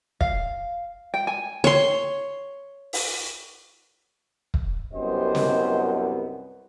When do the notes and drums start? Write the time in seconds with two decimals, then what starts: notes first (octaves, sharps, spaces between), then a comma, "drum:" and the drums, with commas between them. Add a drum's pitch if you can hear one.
0.21 F5, drum: kick
1.14 G5
1.27 G#5
1.64 C#5 C6
2.93 drum: open hi-hat
4.54 drum: kick
4.94 C2 F#2 B3 G4 C5 D#5
5.35 drum: snare